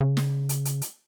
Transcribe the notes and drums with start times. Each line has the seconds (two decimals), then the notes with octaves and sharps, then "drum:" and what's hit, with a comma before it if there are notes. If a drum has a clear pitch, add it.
0.01 C#3
0.17 drum: snare
0.49 drum: hi-hat
0.65 drum: hi-hat
0.82 drum: hi-hat